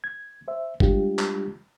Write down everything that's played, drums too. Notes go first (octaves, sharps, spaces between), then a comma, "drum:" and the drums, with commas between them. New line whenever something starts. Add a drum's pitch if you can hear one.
G#6
C5 E5
G3 G#3 D4 F4 G4, drum: kick G1
drum: clap